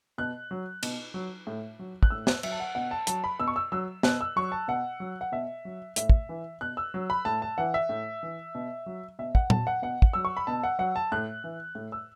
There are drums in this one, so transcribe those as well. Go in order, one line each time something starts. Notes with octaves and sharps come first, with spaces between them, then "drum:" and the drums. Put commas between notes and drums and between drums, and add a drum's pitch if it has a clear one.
B2 F#6
F#3
B2, drum: cymbal
F#3
A2
F#3
F#6, drum: kick
A2 E6
F#6, drum: snare
F#3 E5, drum: cymbal
A5
F#5
B2 F#5
A5
F#3 A5, drum: hi-hat
B5
B2 E6
C#6
E6
F#3 E6
B2 F#6, drum: snare
E6
F#3 C#6
A5
B2 F#5
F#3
F#5
B2 E5
F#3
A2 E5, drum: hi-hat
drum: kick
E3
B2 F#6
E6
F#3
B5
A2 A5
A5
E3 F#5
E5
A2
E3
B2
F#3
B2 E5
F#5, drum: kick
F#3 A5, drum: tom A#2
F#5
B2 F#5
drum: kick
F#3 E6
C#6
B5
B2 A5
F#5
F#3 F#5
A5
A2 F#6
E3
A2
E6